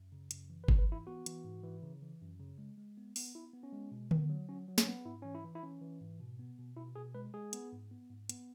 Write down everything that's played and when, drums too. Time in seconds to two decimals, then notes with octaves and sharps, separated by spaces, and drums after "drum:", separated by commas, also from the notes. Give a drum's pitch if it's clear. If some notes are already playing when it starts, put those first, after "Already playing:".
Already playing: F#2
0.12 C#3
0.31 F#2, drum: hi-hat
0.50 E3
0.64 B4
0.68 G#2, drum: kick
0.78 B4
0.88 E3 E4
1.07 B3 F#4
1.26 E3, drum: hi-hat
1.44 G#2
1.63 E3
1.83 C#3
2.02 E3
2.21 F#2
2.40 C#3
2.58 G#3
2.77 G#3
2.97 B3
3.16 B3, drum: open hi-hat
3.35 B3 E4
3.53 B3
3.63 C#4
3.73 G#3
3.91 B2
4.11 B3, drum: tom D3
4.29 F#3
4.49 F#3 C#4
4.68 F#3
4.78 C#4, drum: snare
4.87 B3
5.05 G#2 E4
5.22 E3 C#4
5.34 E4
5.44 E3
5.55 E4
5.63 E3 C#4
5.81 E3
6.01 G#2
6.20 B2
6.39 B3
6.58 B2
6.76 B2 E4
6.96 B2 G#4
7.15 G#3 B4
7.33 G#3 G#4
7.53 B3, drum: hi-hat
7.72 G#2
7.91 B3
8.10 G#2
8.29 B3, drum: hi-hat